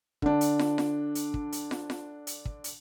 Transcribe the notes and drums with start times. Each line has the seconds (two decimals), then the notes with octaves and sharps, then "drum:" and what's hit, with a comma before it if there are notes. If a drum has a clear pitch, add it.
0.22 D3 D4, drum: kick
0.41 drum: hi-hat
0.59 drum: snare
0.78 drum: snare
1.15 drum: hi-hat
1.34 drum: kick
1.52 drum: hi-hat
1.71 drum: snare
1.90 drum: snare
2.27 drum: hi-hat
2.45 drum: kick
2.64 drum: hi-hat